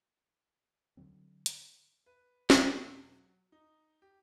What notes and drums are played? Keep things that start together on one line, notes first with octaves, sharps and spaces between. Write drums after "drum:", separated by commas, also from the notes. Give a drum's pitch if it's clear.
D3 D#3 F#3 C4
drum: hi-hat
B4
drum: snare
G#2
E1
F#3
D#4
G4